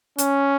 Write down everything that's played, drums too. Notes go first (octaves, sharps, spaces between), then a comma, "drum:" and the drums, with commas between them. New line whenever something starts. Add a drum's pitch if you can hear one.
C#4, drum: hi-hat